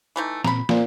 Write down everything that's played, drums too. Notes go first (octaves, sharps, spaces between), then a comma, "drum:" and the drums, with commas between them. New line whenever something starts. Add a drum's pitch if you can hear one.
E3 A3 D#4
A#2 C4 A#5 B5, drum: snare
A#2 A#3 C5, drum: snare